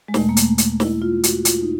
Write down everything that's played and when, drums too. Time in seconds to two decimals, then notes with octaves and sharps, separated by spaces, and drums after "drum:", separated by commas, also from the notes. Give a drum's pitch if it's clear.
0.08 G#3
0.14 E2 B2 A3, drum: snare
0.29 A#3
0.37 A3, drum: hi-hat
0.58 drum: hi-hat
0.80 E4, drum: snare
1.02 F4
1.24 F#4, drum: hi-hat
1.45 F4, drum: hi-hat
1.62 D#4